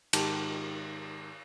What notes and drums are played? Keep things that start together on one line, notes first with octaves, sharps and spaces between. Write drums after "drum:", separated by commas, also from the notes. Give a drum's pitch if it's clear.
G#2 D#3 G4 A5, drum: cymbal